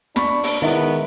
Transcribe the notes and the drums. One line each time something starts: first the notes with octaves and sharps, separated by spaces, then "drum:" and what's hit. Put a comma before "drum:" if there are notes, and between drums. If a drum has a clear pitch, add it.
D4 B5 C#6, drum: snare
drum: open hi-hat
D#3 G#3 B3 E4 D#5 E5